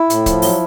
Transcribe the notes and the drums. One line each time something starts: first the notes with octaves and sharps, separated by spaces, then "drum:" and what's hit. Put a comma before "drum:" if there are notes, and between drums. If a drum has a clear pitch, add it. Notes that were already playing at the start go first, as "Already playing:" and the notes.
Already playing: E4
A2, drum: hi-hat
F3, drum: kick C#1, hi-hat
F#3, drum: open hi-hat